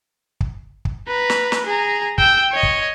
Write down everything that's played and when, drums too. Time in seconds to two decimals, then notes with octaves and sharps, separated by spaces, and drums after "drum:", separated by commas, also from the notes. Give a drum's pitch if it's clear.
0.40 drum: kick
0.85 drum: kick
1.07 B4 A#5
1.30 drum: snare
1.52 drum: snare
1.66 G#4 A#5
2.18 G5 E6, drum: kick
2.52 C#5 D#5
2.63 drum: kick